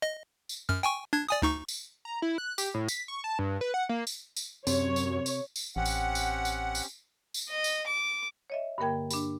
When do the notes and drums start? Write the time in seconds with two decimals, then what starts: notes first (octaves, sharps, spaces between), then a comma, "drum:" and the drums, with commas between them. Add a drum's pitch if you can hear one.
0.02 D#5
0.49 drum: tambourine
0.69 F#2 F6
0.83 G5 G#5 C#6
1.13 D4 G#6
1.29 D5 G#5 D#6
1.42 D2 D#4 C#6
1.68 drum: tambourine
2.05 A#5
2.22 E4
2.38 F#6
2.58 G4, drum: tambourine
2.74 A2
2.88 B6, drum: tambourine
3.08 C#6
3.24 A5
3.39 G2
3.61 B4
3.74 F#5
3.89 A#3
4.07 drum: tambourine
4.37 drum: tambourine
4.67 F#2 C3 C#5, drum: tambourine
4.96 drum: tambourine
5.26 drum: tambourine
5.56 drum: tambourine
5.76 A1 C4 C#4 G4 F#5
5.85 drum: tambourine
6.15 drum: tambourine
6.45 drum: tambourine
6.75 drum: tambourine
7.34 drum: tambourine
7.49 D#5
7.64 drum: tambourine
7.87 D6
8.50 C#5 D#5 E5
8.78 G2 D3 A#3 A#4 G5 G#6
9.10 G2 D4, drum: tambourine